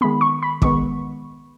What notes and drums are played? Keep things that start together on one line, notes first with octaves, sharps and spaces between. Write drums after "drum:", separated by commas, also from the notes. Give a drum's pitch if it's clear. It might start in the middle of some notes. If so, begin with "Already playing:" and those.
D#3 G#3 B3 B5
C#6
B5
D#3 G#3 B3 C#6, drum: kick